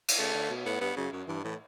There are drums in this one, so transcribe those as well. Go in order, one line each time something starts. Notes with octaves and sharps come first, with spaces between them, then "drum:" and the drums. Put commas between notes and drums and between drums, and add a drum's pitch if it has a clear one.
drum: cymbal
C#3 A3
D3
B2
A2 B3
G2 B3
F#2 C#3
F#2
G2 E3
A2 E3